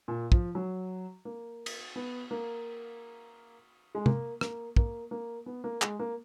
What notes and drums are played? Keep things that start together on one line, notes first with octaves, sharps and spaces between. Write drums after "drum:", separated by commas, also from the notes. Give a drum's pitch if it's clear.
A#2
F3, drum: kick
F#3
A#3
drum: cymbal
B3
A#3
G#3
A#3, drum: tom
A#3, drum: rim click
A#3, drum: kick
A#3
B3
A#3
G#3, drum: clap
A#3